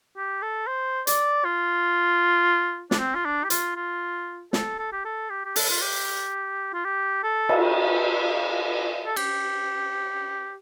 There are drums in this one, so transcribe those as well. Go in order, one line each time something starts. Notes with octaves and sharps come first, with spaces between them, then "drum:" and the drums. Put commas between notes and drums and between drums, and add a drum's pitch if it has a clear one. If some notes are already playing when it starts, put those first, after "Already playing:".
G4
A4
C5
D5, drum: hi-hat
F4
D4, drum: snare
C4
F4
D4
G4
F4, drum: hi-hat
F4
A4, drum: snare
A4
G4
A4
G4
G4
A4, drum: open hi-hat
F4
G4
F4
G4
A4
drum: cymbal
A4
G4, drum: cymbal